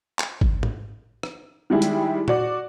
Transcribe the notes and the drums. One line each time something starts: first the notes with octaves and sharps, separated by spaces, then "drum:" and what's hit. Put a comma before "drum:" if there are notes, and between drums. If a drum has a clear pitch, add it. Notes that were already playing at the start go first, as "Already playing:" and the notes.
drum: clap
drum: kick G#1
drum: tom G#2
drum: rim click
D#3 G3 G#3 E4 G#4
drum: hi-hat
F#4 D5, drum: tom A#2